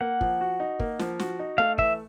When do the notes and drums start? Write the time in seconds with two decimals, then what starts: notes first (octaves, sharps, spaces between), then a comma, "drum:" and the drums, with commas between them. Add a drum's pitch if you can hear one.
0.01 A#3 F#5
0.21 F3, drum: kick
0.41 F#4
0.60 D#4
0.79 A#3, drum: kick
0.99 F3, drum: snare
1.19 F#4, drum: snare
1.39 D#4
1.58 A3 F5
1.78 E3 E5, drum: kick